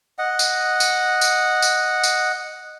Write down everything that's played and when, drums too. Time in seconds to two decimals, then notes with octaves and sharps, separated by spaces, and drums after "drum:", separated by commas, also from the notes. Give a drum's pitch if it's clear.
0.19 D#5 F#5
0.39 drum: tambourine
0.80 drum: tambourine
1.21 drum: tambourine
1.62 drum: tambourine
2.03 drum: tambourine